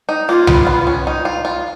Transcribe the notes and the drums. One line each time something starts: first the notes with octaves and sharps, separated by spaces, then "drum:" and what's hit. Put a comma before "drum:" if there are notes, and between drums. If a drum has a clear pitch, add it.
D#4
A#3 F4
B3, drum: tom C2
B3
C#4
D#4
F4
F4